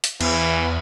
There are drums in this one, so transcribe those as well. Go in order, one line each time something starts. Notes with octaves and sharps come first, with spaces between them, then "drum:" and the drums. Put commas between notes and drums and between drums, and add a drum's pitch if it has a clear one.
drum: hi-hat
E2 E3, drum: cymbal